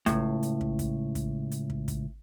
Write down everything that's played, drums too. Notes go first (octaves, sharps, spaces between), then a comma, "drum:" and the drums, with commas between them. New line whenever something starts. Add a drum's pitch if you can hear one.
C#2 A2, drum: kick, hi-hat
drum: hi-hat
drum: kick
drum: kick, hi-hat
drum: kick, hi-hat
drum: hi-hat
drum: kick
drum: kick, hi-hat